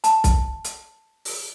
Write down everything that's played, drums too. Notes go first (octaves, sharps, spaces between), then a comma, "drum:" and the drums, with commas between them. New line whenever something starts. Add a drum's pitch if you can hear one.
A5, drum: hi-hat
drum: kick B1, hi-hat
drum: hi-hat
drum: open hi-hat